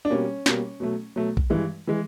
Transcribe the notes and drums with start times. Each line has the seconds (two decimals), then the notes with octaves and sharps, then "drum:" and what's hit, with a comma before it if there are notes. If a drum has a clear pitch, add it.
0.05 D4
0.10 B2 G3 A#3 C#4
0.46 B2 G3 A#3, drum: snare
0.80 B2 F#3 A3
1.16 B2 F#3 A3
1.37 drum: kick A#1
1.50 G2 E3 G#3
1.87 E3 G#3